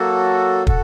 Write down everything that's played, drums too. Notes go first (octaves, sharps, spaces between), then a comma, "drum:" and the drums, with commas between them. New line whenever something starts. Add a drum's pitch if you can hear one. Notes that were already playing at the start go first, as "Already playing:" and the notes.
Already playing: F#3 A#3 F#4 A4
F#4 A4, drum: kick